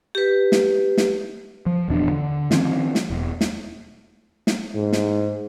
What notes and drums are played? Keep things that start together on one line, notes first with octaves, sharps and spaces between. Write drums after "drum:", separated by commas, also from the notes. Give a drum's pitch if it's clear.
G4 B4
drum: snare
drum: snare
F3
D#1 E2 D4
D3
D#3 F3 C4 C#4, drum: snare
drum: snare
E1
drum: snare
drum: snare
G#2
drum: snare